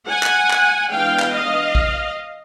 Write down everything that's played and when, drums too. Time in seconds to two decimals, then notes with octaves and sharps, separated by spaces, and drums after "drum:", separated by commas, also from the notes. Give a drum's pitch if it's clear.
0.09 F#5 G#5
0.23 drum: clap
0.51 drum: clap
0.92 E3 G#3 B3 D4 F5 G5
1.20 drum: clap
1.33 D#5 F5
1.75 drum: kick